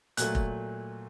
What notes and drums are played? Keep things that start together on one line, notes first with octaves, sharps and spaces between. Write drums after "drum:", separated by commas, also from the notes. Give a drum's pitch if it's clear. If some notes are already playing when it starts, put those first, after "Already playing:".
A#2 F#3 A3 F#6, drum: hi-hat
drum: kick F1